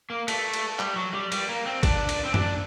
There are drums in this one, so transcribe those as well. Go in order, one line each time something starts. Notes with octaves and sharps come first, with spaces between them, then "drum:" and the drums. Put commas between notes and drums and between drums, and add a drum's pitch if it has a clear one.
A#3
A3, drum: cymbal
drum: cymbal
G3, drum: clap
F#3
G3
G3, drum: cymbal
A#3
C4
D4, drum: kick, cymbal
drum: cymbal
C4
D4, drum: tom F#2